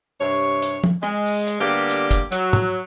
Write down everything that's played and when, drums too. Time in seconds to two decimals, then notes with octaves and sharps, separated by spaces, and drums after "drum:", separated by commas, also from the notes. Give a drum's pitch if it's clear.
0.21 G2 C3 C#5
0.62 drum: hi-hat
0.84 drum: tom
1.03 G#3, drum: rim click
1.26 drum: open hi-hat
1.47 drum: hi-hat
1.60 D3 G3 A#3 B3 G4
1.90 drum: hi-hat
2.11 drum: kick, hi-hat
2.32 F#3, drum: hi-hat
2.53 drum: tom G#2